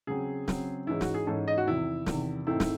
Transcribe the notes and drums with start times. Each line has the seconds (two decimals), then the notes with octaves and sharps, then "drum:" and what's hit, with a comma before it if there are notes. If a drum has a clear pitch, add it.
0.07 C#3 F#3 C4 G#4
0.48 C#3 F#3 C4, drum: snare
0.87 G#2 E3 G#3 C#4 E4
1.01 F#4, drum: snare
1.14 G#4
1.27 G#2 E3 G#3 C#4 A4
1.48 D#5
1.58 F#4
1.67 E2 C3 D#3 E4
2.06 E2 C3 D#3, drum: snare
2.47 G#2 D#3 A3 C4 E4
2.60 drum: snare